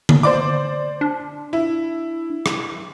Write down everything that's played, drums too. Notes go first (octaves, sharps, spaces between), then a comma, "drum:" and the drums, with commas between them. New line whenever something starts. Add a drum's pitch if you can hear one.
drum: tom D3
C5 D5 D6
D4
E4
drum: rim click